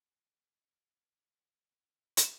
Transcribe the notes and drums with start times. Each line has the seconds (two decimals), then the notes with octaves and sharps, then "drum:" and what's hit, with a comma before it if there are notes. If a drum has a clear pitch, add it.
0.11 G#5 C#6
2.17 drum: hi-hat